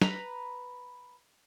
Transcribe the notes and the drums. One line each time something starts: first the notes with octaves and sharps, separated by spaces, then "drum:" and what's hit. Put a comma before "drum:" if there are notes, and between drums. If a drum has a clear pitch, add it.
B4 A#5 B5, drum: snare